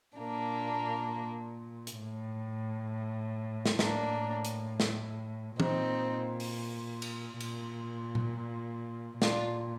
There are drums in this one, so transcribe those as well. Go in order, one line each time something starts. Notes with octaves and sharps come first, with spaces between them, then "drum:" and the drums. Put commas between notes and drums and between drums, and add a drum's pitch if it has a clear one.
A#2 A#3 D4
drum: hi-hat
A2
drum: snare
A2 A#3 D4, drum: snare
drum: hi-hat
drum: snare
A#2 C4 D#4, drum: tom E3
drum: open hi-hat
drum: cymbal
A#2, drum: cymbal
drum: tom A#2
A#2 D4 F4, drum: snare